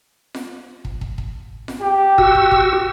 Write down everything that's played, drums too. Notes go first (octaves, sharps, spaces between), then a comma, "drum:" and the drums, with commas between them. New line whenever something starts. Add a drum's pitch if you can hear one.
drum: snare F4
drum: kick
drum: kick
drum: kick
drum: snare F4
G4
F#4 E6, drum: kick
drum: kick
drum: kick